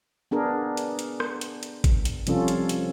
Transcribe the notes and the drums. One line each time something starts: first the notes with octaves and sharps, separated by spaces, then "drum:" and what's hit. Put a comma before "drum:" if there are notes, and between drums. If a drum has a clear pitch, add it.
B3 D4 G#4 A#4
drum: hi-hat
drum: hi-hat
drum: rim click
drum: hi-hat
drum: hi-hat
drum: kick G#1, hi-hat
drum: hi-hat
C3 F3 G3 C#4 F4 A4, drum: hi-hat
drum: hi-hat
drum: hi-hat